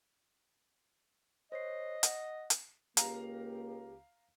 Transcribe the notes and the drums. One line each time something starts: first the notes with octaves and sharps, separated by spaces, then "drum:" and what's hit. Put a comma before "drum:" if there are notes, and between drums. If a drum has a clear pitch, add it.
C5 C#5 D#5 C7
F#5, drum: hi-hat
drum: hi-hat
C#2 A#3 G4 F5 A#5, drum: hi-hat